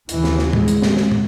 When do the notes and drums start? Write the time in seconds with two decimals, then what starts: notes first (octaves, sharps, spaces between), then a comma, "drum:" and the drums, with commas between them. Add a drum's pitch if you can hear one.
0.09 D#2 C#3 E3, drum: hi-hat
0.24 drum: snare
0.39 drum: snare
0.53 G#3, drum: tom
0.68 drum: hi-hat
0.82 drum: snare
0.97 drum: snare
1.12 drum: tom